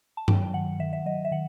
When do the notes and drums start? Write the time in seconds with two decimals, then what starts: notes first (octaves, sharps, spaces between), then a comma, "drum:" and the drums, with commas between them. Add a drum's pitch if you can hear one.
0.17 A5
0.28 F#3 G5, drum: tom G2
0.54 D#3 F#5
0.79 D#3 E5
0.93 E5
1.06 F#3 D#5
1.25 E5
1.32 D#3 F#5